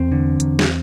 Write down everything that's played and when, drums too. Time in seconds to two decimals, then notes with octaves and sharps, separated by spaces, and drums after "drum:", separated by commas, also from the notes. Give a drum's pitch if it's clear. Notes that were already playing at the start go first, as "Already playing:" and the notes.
Already playing: E2 C4
0.12 D3
0.40 E2, drum: hi-hat
0.59 drum: snare